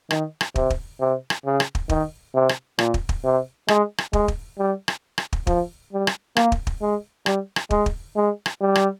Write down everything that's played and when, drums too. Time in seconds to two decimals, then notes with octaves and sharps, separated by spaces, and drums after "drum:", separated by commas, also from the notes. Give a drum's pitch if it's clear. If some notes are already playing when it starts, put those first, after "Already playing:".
0.11 D#3, drum: rim click
0.41 drum: rim click
0.56 C3, drum: kick
0.70 drum: kick
1.00 C3
1.30 drum: rim click
1.46 C#3
1.60 drum: rim click
1.75 drum: kick
1.89 D#3, drum: kick
2.34 C3
2.49 drum: rim click
2.79 A#2, drum: rim click
2.94 drum: kick
3.09 drum: kick
3.24 C3
3.68 G#3, drum: rim click
3.98 drum: rim click
4.13 G#3, drum: kick
4.28 drum: kick
4.59 G3
4.88 drum: rim click
5.18 drum: rim click
5.33 drum: kick
5.47 F3, drum: kick
5.93 G3
6.07 drum: rim click
6.37 A#3, drum: rim click
6.52 drum: kick
6.67 drum: kick
6.81 G#3
7.26 G3, drum: rim click
7.56 drum: rim click
7.70 G#3, drum: kick
7.86 drum: kick
8.16 G#3
8.46 drum: rim click
8.61 G3
8.75 drum: rim click